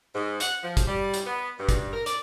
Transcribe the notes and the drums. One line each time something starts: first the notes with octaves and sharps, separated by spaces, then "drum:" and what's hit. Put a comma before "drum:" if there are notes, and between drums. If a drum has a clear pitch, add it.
G#2
F#5, drum: hi-hat
F3
drum: kick, hi-hat
G3
drum: hi-hat
B3
G2
drum: kick, hi-hat
A#4
D5, drum: hi-hat